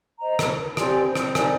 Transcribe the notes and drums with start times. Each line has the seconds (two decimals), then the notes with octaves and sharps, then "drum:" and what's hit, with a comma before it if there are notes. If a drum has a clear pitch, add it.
0.19 C5 D#5 A#5
0.39 drum: rim click
0.77 C4 G4 D5 G#5 C6, drum: rim click
1.06 C4
1.15 drum: rim click
1.35 D#4 A#4 D5 G#5, drum: rim click